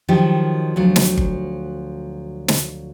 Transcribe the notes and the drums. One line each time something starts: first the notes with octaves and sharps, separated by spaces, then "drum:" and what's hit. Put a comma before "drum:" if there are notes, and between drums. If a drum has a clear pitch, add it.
D#3 F3 F#3 G4
D2 F3 F#3
drum: snare
drum: kick G1
drum: snare